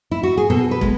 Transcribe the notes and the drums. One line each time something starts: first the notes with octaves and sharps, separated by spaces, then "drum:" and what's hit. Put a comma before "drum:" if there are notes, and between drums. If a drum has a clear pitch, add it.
E4
F#4
G#4
B2 A4
B4
G#3 B3, drum: kick